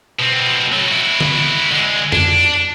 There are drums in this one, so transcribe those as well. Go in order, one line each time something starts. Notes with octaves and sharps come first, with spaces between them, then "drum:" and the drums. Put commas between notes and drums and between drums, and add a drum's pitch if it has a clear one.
B2 C4
F#3 A4
E4 F#4
drum: tom D3
D3 G#3
D4, drum: tom F2